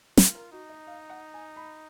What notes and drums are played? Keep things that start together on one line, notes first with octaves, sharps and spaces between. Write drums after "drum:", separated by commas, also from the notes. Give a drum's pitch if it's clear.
F4 A#4, drum: snare
A#4
D#4 F#4
D#5
F5
F#5
G#5
B5